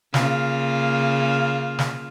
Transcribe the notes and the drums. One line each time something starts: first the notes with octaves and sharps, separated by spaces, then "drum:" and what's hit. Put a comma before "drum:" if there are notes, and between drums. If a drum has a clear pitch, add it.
C#3 A#3 F4, drum: snare
drum: snare